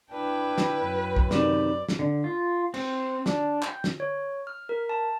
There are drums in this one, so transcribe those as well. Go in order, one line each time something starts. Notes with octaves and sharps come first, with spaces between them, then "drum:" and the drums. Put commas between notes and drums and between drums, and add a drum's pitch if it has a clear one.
D4 E4 B4 G5
drum: snare
F#2
drum: kick
C3 D#3 D5, drum: snare
drum: snare
D3
F4
C4, drum: cymbal
D4, drum: snare
G5, drum: clap
drum: snare
C#5
F6
A#4
A5